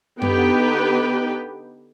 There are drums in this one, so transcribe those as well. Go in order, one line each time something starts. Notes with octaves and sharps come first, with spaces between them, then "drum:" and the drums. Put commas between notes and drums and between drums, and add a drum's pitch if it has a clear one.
D3 B3 D#4 G4 B4 G5, drum: tom F#2